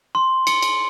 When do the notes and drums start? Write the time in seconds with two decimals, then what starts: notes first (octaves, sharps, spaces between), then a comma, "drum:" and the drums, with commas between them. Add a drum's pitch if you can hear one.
0.15 C6
0.47 C#7, drum: cymbal
0.62 drum: cymbal